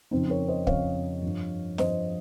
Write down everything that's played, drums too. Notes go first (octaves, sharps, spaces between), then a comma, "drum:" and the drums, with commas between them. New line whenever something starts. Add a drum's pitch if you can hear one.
F2 C#3 F3 C4 D#4
A#4 C#5
C5 D#5
F2 C#3 F3 C#5 F5, drum: kick
G2 F3
G2 F3 C5 D#5, drum: snare